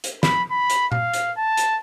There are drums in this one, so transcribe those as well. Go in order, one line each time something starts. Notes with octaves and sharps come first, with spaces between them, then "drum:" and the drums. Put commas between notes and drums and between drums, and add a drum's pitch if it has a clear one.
drum: hi-hat
B5, drum: snare
B5
drum: hi-hat
F5, drum: tom A#2
drum: hi-hat
A5
drum: hi-hat